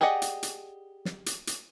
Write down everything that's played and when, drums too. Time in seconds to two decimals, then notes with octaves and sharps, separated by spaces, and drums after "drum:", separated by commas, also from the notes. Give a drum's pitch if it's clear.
0.01 G4 G#4 D5 D#5 F#5
0.22 drum: hi-hat
0.43 drum: hi-hat
1.05 drum: snare
1.26 drum: hi-hat
1.47 drum: hi-hat